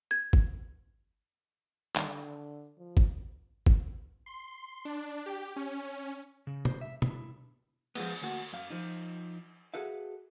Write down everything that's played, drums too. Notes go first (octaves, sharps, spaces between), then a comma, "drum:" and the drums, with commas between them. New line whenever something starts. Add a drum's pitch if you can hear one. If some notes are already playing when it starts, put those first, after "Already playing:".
G#6
drum: kick
D3 D#3 G3 C#4, drum: clap
F3
drum: kick
drum: kick
C6
D4
G4
C#4
C#3
C5, drum: tom
E5
E4, drum: tom
F3 G#3 B3, drum: cymbal
D2 A#3 F#4
F#2 F5
F3 D#4
F#4 G#4 A4 B4 E5 F5